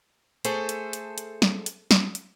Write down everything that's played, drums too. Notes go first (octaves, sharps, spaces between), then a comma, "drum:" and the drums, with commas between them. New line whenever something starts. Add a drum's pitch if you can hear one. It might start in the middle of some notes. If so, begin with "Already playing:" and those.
A3 G#4 A4 C5, drum: hi-hat
drum: hi-hat
drum: hi-hat
drum: hi-hat
drum: snare
drum: hi-hat
drum: snare
drum: hi-hat